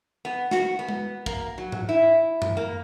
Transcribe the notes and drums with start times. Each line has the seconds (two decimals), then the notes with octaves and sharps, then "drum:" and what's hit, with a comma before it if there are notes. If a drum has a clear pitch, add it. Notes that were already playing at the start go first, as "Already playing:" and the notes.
0.25 B3
0.51 F#4, drum: snare
0.79 B3
0.89 drum: tom G#3
1.26 A#3, drum: kick
1.58 F#3
1.72 drum: tom G#2
1.89 E4
2.42 drum: tom F#2
2.57 A#3